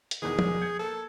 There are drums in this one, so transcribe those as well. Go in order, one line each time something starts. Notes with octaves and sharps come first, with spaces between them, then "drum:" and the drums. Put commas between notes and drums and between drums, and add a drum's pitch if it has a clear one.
drum: hi-hat
E2 B2 D#3 G#4
drum: tom F3
G6 G#6 C#7
A#3 A4